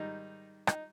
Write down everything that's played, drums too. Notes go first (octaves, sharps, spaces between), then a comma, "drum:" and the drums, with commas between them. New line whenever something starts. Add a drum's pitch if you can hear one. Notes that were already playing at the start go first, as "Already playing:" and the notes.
Already playing: G#2 D#3 G3 D#4
D#4, drum: rim click